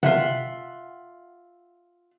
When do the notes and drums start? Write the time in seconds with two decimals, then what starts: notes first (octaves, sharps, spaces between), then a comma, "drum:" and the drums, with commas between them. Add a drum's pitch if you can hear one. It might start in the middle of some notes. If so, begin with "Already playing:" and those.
0.03 F4 E5 F#5, drum: tom C3